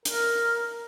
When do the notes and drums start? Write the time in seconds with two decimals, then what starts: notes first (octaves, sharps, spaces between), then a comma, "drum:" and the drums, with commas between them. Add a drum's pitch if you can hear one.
0.05 A#4, drum: hi-hat